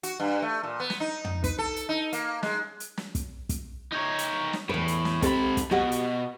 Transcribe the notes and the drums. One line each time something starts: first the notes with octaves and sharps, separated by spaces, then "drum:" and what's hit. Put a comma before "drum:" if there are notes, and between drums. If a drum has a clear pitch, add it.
F#4, drum: hi-hat
G2
A3
A#2
B3
drum: snare
D#4
drum: tom
B4, drum: kick, hi-hat
A4
drum: hi-hat
D#4
A#3, drum: hi-hat
G#3, drum: snare
drum: hi-hat
drum: snare
drum: kick, hi-hat
drum: kick, hi-hat
D#4 C#5
drum: hi-hat
drum: snare
E2 A2 B4
drum: hi-hat
drum: snare
G#2 C4 G4 A4 B5, drum: kick, hi-hat
drum: kick, hi-hat
B2 F#4 G4 F#5
drum: hi-hat